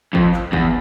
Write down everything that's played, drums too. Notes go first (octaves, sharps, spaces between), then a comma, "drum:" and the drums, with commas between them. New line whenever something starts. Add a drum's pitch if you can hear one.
F2, drum: kick
drum: clap
E2, drum: kick